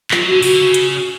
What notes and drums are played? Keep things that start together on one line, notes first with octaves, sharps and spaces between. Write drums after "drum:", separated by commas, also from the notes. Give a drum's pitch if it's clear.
F#3 F4, drum: clap
F#3
D3 F#4
C#3 F#4, drum: open hi-hat
D3
C#3
drum: hi-hat